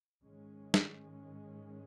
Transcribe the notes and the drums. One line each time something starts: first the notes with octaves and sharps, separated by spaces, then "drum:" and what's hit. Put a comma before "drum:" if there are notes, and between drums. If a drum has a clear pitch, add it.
G#2 D#3 G#3 C#4
drum: snare